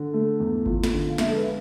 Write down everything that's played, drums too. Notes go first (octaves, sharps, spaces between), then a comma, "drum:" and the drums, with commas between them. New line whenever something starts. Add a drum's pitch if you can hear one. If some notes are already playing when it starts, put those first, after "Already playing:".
Already playing: D3
A3
E2
F3, drum: kick G#1
drum: snare
D3
F5
G#3 E5, drum: snare
A4
B4